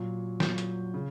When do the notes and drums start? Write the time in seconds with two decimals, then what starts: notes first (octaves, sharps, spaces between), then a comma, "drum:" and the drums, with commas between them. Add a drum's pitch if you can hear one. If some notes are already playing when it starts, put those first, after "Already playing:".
Already playing: A#2 F#3
0.40 A#2 F#3 G6, drum: snare
0.58 drum: hi-hat
0.94 C#3